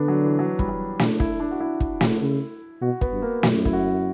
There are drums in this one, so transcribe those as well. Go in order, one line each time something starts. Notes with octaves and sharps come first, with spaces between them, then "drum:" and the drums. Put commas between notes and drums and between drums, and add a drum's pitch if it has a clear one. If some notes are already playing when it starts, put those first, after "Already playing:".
Already playing: D3 B3 D4
F#3
E3
F#3
G3, drum: kick
F#3
D4, drum: snare
E4, drum: kick
D4
F#4
E4
drum: kick
drum: snare
C#3
B2 F#4
B3, drum: kick
G2
A#3
F#2, drum: snare
E4, drum: kick
F#4